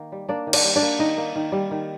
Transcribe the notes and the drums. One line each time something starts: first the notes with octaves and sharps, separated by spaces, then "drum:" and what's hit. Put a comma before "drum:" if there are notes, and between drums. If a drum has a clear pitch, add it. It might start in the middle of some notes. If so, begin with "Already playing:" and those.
Already playing: D#3 A#3
G3
A#3 D4 D5
D#3
D4 D5, drum: cymbal
G3
D4 D5
A#3
D#3 D#4 D#5
A#3
D#3
G3
D#3